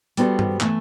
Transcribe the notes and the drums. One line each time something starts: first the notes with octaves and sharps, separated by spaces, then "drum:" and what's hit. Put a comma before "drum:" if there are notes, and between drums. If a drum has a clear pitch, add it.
G3 B3 F#4 A4 C5, drum: hi-hat
drum: tom G2
E3 A3 E4, drum: clap